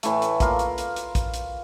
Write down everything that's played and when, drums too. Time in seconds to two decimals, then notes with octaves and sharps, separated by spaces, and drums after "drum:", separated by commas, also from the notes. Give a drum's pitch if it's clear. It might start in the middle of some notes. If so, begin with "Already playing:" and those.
0.03 A2 E3 A3, drum: hi-hat
0.22 drum: hi-hat
0.40 A#3 F4 A#4, drum: kick, hi-hat
0.59 drum: hi-hat
0.78 drum: hi-hat
0.96 drum: hi-hat
1.15 drum: kick, hi-hat
1.34 drum: hi-hat